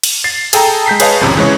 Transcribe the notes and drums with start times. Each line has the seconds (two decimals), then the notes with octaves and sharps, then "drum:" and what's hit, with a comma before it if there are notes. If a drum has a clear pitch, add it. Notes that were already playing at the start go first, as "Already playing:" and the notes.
0.03 drum: cymbal
0.24 A6 C7
0.53 G#4 A4 G5 A5 A#5, drum: cymbal
0.86 G#3 G6 B6 C7
1.00 G#4 B4 C#5 D#5 F5 A5, drum: cymbal
1.21 G#1 F2 C3 C4 C#4 A#5
1.36 C#3 E3 G#3 C#5